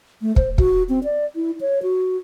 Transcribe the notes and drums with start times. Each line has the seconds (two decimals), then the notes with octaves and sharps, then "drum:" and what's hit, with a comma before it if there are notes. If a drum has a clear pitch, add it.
0.22 A3
0.36 C5, drum: kick
0.58 F#4, drum: kick
0.89 C4
1.04 D5
1.36 E4
1.61 C#5
1.83 F#4